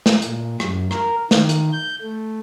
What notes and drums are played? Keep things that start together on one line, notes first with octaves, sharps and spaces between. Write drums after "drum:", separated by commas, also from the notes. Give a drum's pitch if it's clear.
drum: snare
A#2, drum: hi-hat
F#2, drum: rim click
A#4, drum: rim click
D#3, drum: snare
drum: hi-hat
G6
A3